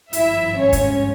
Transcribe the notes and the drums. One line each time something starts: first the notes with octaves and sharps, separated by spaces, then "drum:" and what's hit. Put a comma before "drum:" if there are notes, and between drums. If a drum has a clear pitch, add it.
G#1 G2 F3 E4 E5, drum: hi-hat
C#4 C#5
drum: kick, hi-hat